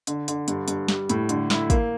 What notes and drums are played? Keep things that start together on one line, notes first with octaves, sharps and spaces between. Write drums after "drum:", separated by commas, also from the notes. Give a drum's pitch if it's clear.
D3, drum: hi-hat
D3, drum: hi-hat
G2, drum: hi-hat
G2, drum: hi-hat
G3, drum: snare
A2, drum: hi-hat
D3, drum: hi-hat
E4, drum: snare
A#3, drum: kick, hi-hat